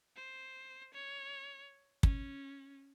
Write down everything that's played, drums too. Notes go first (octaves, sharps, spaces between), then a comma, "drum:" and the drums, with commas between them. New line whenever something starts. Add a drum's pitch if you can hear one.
C5
C#5
C#4, drum: kick